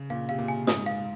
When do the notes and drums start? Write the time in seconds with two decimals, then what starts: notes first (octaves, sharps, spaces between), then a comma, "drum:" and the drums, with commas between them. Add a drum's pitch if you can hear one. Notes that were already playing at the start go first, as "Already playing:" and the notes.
Already playing: C#3
0.10 A#2 F5
0.29 C3 F5
0.39 A#2
0.48 G#5
0.67 G#2 D#6, drum: snare
0.86 F5